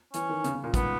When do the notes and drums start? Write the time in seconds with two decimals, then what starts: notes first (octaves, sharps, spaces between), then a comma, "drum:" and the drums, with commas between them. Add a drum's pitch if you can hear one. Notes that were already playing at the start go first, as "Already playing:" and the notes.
0.14 E3 C#4, drum: hi-hat
0.29 D#3
0.44 C#3, drum: hi-hat
0.54 C#3
0.64 A#2
0.74 G#2 B3, drum: kick, hi-hat